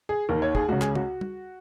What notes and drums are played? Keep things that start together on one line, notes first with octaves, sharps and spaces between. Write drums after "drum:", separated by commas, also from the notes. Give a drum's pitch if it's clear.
G#4
D#2 D#3 A#4
C#5
G#4, drum: kick
C#2 C#3 F#4
G#4, drum: clap
F#4, drum: tom C#3
drum: tom G3